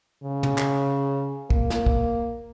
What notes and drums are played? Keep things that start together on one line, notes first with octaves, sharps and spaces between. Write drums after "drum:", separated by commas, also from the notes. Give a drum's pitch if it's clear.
C#3
drum: tom
drum: clap
A#3, drum: kick
drum: snare
drum: kick